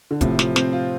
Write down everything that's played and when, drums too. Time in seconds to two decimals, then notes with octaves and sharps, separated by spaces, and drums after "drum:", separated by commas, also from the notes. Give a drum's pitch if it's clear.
0.11 D3
0.21 A2 C3 F3, drum: kick, hi-hat
0.39 F3, drum: snare
0.56 C4, drum: snare
0.73 F4